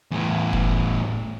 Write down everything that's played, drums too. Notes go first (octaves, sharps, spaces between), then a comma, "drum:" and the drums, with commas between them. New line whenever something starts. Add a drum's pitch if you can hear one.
E2 A2
drum: kick